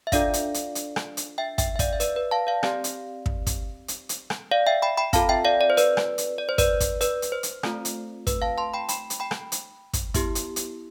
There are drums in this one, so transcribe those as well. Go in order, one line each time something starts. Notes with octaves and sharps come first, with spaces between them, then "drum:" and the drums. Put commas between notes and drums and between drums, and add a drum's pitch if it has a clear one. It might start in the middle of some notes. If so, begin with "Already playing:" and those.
E5
D4 F4 A4 D5 F5, drum: kick, hi-hat
drum: hi-hat
drum: hi-hat
drum: hi-hat
drum: rim click
drum: hi-hat
E5 G5
E5 G5, drum: kick, hi-hat
E5
D5 F5, drum: kick, hi-hat
E5
B4 D5, drum: hi-hat
B4
F5 A5
D5 F5
C4 G4 D5 F5, drum: rim click
drum: hi-hat
drum: kick
drum: kick, hi-hat
drum: hi-hat
drum: hi-hat
drum: rim click
D5 F5
E5 G5
G5 B5
G5 B5
C4 F4 A4 F5 A5, drum: kick, hi-hat
E5 G5
D5 F5
D5
C5
B4 D5, drum: hi-hat
drum: rim click
drum: hi-hat
D5
C5
B4 D5, drum: kick, hi-hat
drum: kick, hi-hat
B4 D5, drum: hi-hat
drum: hi-hat
C5
drum: hi-hat
A3 C4 F4 A4, drum: rim click
drum: hi-hat
B4, drum: kick, hi-hat
F5 A5
A5 C6
G5 B5
G5 B5, drum: hi-hat
drum: hi-hat
G5 B5
drum: rim click
drum: hi-hat
drum: kick, hi-hat
B3 E4 G4, drum: kick, hi-hat
drum: hi-hat
drum: hi-hat